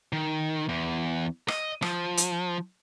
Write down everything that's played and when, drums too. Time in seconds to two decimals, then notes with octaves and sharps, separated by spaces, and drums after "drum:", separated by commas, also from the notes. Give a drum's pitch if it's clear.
0.13 D#3
0.69 E2
1.48 D#5, drum: rim click
1.82 F3, drum: rim click
2.17 drum: hi-hat